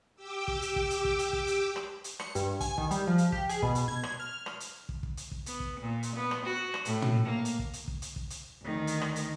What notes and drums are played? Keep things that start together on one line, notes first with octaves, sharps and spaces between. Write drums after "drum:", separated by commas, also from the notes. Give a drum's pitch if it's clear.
G4 G5 D6 E6
drum: kick
drum: hi-hat
drum: kick
drum: hi-hat
drum: kick
drum: hi-hat
drum: kick
drum: hi-hat
drum: rim click
drum: hi-hat
C#7, drum: rim click
G2, drum: hi-hat
G#5, drum: kick, hi-hat
D#3, drum: kick
G3, drum: hi-hat
F3
drum: hi-hat
G4, drum: kick
G#4, drum: hi-hat
B2, drum: kick
drum: hi-hat
G#6
drum: rim click
F6
drum: rim click
drum: hi-hat
drum: kick
drum: kick
drum: hi-hat
drum: kick
B3, drum: hi-hat
drum: kick
A#2
drum: hi-hat
B3
drum: rim click
F#4
drum: rim click
A2, drum: hi-hat
drum: tom
A#3
drum: hi-hat
drum: kick
drum: hi-hat
drum: kick
drum: hi-hat
drum: kick
drum: hi-hat
D2 D#3
drum: hi-hat
drum: rim click
drum: hi-hat